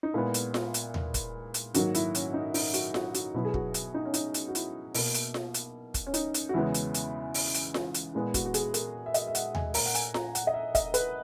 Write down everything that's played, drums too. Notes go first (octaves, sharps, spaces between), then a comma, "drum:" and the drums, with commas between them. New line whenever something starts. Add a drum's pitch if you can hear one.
D#4
A#2 G#3 B3 E4
drum: hi-hat
drum: snare F4
drum: hi-hat
drum: tom D#2
drum: kick, hi-hat
drum: hi-hat
G#2 D#3 F#3 A#3 F#4, drum: hi-hat
E4, drum: hi-hat
C#4, drum: hi-hat
D#4
D#4, drum: open hi-hat
F#4, drum: hi-hat
F#4, drum: snare F4
F#4, drum: hi-hat
B2 F#3 B3 E4
G#4
F#4, drum: kick
drum: hi-hat
D#4
C#4
D#4, drum: hi-hat
drum: hi-hat
F#4
E4, drum: hi-hat
B2 A#3, drum: open hi-hat
drum: hi-hat
drum: snare F4
drum: hi-hat
drum: kick, hi-hat
C#4
D#4, drum: hi-hat
drum: hi-hat
F#4
E2 C#3 E3 G#3 B3 E4
drum: hi-hat
drum: hi-hat
drum: open hi-hat
drum: hi-hat
drum: snare F4
drum: hi-hat
A#2 G#3 B3 E4
F#4, drum: kick, hi-hat
F#4
G#4, drum: hi-hat
A#4, drum: hi-hat
E5
D#5, drum: hi-hat
E5
F#5, drum: hi-hat
G#5, drum: tom D#2
A#2 A#3 A#5, drum: open hi-hat
F#5
G#5, drum: hi-hat
A#5, drum: snare F4
F#5, drum: hi-hat
D#5
E5
D#5, drum: kick, hi-hat
B4, drum: hi-hat